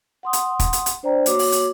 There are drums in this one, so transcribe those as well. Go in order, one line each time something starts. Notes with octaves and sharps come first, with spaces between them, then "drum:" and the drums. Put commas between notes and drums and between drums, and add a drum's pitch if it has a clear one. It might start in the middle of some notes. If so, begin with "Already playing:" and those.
F#5 C6 D#6
drum: hi-hat
drum: kick, hi-hat
drum: hi-hat
drum: hi-hat
D4 C5 D5 G5 A#5
A#3 F#4 C#5 D6, drum: hi-hat
drum: open hi-hat
drum: hi-hat